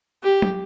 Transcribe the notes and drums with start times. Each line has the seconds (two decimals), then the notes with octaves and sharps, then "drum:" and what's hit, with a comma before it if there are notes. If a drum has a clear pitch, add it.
0.23 G4
0.42 drum: tom